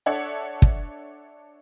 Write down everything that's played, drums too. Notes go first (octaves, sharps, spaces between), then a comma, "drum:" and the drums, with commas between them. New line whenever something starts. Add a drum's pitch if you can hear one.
D4 A4 C#5 D5 E5 F#5
drum: kick